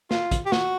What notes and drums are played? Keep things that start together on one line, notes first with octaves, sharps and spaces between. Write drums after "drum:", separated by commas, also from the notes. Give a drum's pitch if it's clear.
F4, drum: snare
drum: kick, hi-hat
G4
F#4, drum: snare